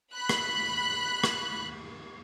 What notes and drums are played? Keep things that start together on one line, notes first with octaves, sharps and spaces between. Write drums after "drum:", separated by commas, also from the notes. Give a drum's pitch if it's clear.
B5 F#6
drum: rim click
drum: rim click